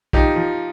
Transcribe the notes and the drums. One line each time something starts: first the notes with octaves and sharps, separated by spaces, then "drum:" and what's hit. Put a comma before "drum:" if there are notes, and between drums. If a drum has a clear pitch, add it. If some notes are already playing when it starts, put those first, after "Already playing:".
F3 D#4 G4, drum: kick A#1
F3